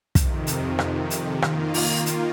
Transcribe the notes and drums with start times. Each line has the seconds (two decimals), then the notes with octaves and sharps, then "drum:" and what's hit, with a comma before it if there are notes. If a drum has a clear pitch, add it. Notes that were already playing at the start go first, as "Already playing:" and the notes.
0.15 F2 C3 D#3, drum: kick, hi-hat
0.47 drum: hi-hat
0.79 drum: rim click
1.10 drum: hi-hat
1.42 D#3 A#3 F4, drum: rim click
1.74 drum: open hi-hat
2.06 drum: hi-hat